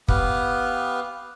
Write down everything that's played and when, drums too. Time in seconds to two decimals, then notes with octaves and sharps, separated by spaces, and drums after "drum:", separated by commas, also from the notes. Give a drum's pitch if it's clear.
0.08 B3 G4 B4 F5, drum: kick